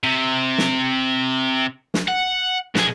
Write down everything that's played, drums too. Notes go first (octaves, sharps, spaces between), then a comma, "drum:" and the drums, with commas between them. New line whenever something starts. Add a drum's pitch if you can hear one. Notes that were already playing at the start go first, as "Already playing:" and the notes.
C3
drum: snare
drum: snare
F#5
B2 G#4, drum: snare